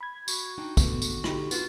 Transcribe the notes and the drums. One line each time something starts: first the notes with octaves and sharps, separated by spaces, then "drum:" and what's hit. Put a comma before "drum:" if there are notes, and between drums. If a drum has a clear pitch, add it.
B5 G#6
F#4, drum: tambourine
D4 D#4 G5
G#2 D3 A3 B3, drum: kick, tambourine
drum: tambourine
D3 D#4 G4, drum: rim click
B3 D4 F4 F#4, drum: tambourine